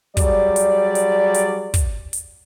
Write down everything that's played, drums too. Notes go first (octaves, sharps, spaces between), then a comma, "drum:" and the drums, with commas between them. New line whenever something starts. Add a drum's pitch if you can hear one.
F#3 G3 G#4 D5, drum: kick, hi-hat
drum: hi-hat
drum: hi-hat
drum: hi-hat
drum: kick, hi-hat
drum: hi-hat